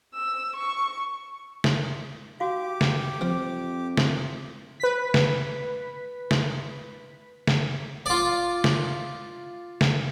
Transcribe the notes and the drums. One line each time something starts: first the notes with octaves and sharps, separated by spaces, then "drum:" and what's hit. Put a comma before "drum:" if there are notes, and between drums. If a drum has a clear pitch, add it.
E6
C#6
drum: snare
F#4 G4 F5 D6
drum: snare
F2 F3 C4
drum: snare
B4 B6
drum: snare
drum: snare
drum: snare
F4 D5
drum: snare
drum: snare